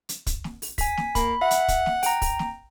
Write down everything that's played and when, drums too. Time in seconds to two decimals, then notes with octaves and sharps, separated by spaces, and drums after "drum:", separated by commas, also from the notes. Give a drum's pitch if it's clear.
0.09 drum: hi-hat
0.27 drum: kick, hi-hat
0.44 drum: snare
0.62 drum: open hi-hat
0.78 G#5 B6, drum: kick, open hi-hat
0.97 drum: snare
1.15 A#3 B5, drum: kick, hi-hat
1.41 E5 F#5
1.51 drum: hi-hat
1.68 drum: kick, hi-hat
1.86 drum: snare
2.03 G5 A#5, drum: open hi-hat
2.22 drum: kick, open hi-hat
2.39 drum: snare